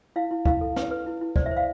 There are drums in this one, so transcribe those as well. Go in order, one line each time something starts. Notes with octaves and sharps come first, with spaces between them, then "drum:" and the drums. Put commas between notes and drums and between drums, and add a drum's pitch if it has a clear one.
E4 F5
E4
E4 F5, drum: kick
A4
B4, drum: snare
B4
E4
E4
C5 D5, drum: kick
E5
C5
F5